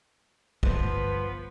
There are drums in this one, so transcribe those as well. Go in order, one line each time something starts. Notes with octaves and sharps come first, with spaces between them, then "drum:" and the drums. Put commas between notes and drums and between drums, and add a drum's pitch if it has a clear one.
G1 F3 B3 B4, drum: kick